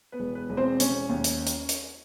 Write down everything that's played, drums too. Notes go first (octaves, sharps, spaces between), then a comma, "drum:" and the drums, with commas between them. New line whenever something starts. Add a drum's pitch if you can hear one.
B3 B4
E1
B3 B4
E1
C4 C5
E1 C#4 C#5, drum: hi-hat
D#2
drum: hi-hat
drum: hi-hat
drum: hi-hat